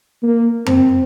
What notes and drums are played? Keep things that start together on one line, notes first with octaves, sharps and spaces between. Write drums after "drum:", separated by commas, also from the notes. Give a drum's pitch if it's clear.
A#3
C4, drum: tom F2